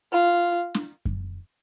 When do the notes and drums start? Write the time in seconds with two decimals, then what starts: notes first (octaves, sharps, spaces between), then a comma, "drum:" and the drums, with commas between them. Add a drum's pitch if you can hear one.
0.13 F4
0.74 drum: snare
1.05 drum: kick F#2